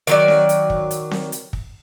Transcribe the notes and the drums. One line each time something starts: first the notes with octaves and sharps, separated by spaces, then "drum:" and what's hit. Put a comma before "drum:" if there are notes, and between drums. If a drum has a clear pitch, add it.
D#3 F#3 D5, drum: hi-hat
drum: snare C4
drum: hi-hat
drum: kick
drum: hi-hat
drum: snare C4
drum: hi-hat
drum: kick